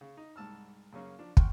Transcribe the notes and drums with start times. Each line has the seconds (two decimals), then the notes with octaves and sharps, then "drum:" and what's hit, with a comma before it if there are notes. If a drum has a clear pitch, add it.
0.01 C#3
0.17 D#4
0.36 C2 G#2 A5 E6 F6
0.93 F#2 C#3 A#3 C#4
1.19 F3 D4
1.37 F#5 G5 C6 C#6 F6, drum: kick